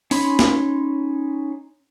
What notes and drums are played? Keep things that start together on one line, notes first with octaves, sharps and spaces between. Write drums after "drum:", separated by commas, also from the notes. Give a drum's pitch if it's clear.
C#4 D#4 C#5 B5 C6, drum: open hi-hat
drum: snare